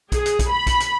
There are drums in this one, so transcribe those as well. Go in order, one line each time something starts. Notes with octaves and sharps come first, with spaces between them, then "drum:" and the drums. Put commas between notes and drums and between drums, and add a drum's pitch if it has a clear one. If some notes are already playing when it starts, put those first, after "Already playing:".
G#4, drum: kick B1, hi-hat
drum: hi-hat
drum: kick B1, hi-hat
B5
drum: kick B1, hi-hat
drum: hi-hat